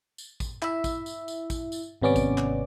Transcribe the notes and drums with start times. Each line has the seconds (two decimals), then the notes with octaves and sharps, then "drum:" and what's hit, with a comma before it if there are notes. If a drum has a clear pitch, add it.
0.18 drum: tambourine
0.40 drum: kick A1, tambourine
0.62 E4 E5, drum: clap
0.84 drum: kick A1, tambourine
1.06 drum: tambourine
1.28 drum: tambourine
1.50 drum: kick A1, tambourine
1.72 drum: tambourine
2.02 G#1 C3 B3 C#4 D5 D6
2.16 drum: kick A1, tambourine
2.38 drum: clap